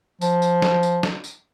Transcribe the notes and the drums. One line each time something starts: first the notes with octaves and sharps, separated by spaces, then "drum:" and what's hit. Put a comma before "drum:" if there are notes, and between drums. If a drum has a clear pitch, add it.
F3, drum: tambourine
drum: tambourine
drum: snare
drum: tambourine
drum: snare
drum: tambourine